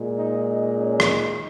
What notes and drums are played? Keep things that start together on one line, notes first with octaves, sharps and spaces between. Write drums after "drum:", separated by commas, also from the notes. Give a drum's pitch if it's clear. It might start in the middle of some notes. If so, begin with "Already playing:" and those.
Already playing: A#2 G#3
D#4
D#4
C#4
drum: rim click
D#4